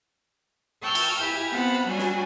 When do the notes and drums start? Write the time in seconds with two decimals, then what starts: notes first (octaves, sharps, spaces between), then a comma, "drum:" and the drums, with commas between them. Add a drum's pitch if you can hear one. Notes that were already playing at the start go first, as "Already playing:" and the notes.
0.81 G5 A5 C#6 E6 F6 G6
0.95 drum: cymbal
1.19 E4 G4 G5 G#5
1.51 B3 C4 F#5 A5 B5
1.85 F#3 G3 D4 F#4 G#5
1.98 drum: snare